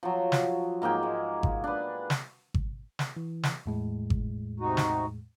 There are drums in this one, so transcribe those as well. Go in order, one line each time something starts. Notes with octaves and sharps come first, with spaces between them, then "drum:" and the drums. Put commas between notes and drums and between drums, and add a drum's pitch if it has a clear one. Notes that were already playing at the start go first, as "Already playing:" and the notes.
F3 F#3
drum: snare
G#2 A#3 G#4 G5
G#3
drum: kick G#1
D4 B4
drum: snare
drum: kick G#1
drum: snare
E3
drum: snare
E2 A2 G#3
drum: kick G#1
C3 D#4 F#4
drum: snare